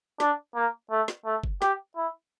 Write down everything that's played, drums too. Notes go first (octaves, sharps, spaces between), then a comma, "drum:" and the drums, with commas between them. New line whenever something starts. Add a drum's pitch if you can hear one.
D4, drum: snare
A#3
A3
drum: snare
A3
drum: kick F#1
G4, drum: snare
E4